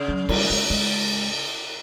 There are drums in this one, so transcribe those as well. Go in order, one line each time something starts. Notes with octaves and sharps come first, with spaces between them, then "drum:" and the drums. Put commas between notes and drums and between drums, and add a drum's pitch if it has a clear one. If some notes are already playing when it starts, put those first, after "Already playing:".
Already playing: C#3
F#3
G3, drum: cymbal
G#3
G#3